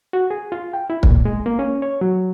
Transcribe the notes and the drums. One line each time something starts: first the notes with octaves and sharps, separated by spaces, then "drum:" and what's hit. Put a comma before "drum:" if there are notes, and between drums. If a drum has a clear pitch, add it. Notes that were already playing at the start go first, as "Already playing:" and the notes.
F#4
G#4
F4
G5
E4
A#2, drum: kick
G#3
A#3
C#4
C#5
F#3